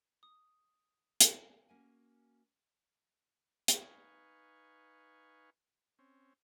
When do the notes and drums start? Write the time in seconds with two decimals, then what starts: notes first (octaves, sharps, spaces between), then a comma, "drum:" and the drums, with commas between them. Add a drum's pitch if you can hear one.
0.23 D#6
1.20 drum: hi-hat
1.69 A#3 C#4 F#4 A#4 F#5 G#5
3.68 D#4 B4 F5 G#5 C#6, drum: hi-hat
5.99 C4 C#4